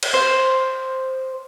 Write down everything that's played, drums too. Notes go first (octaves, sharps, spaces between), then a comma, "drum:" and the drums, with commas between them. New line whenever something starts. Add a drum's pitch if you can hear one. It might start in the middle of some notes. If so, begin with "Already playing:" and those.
drum: cymbal
C5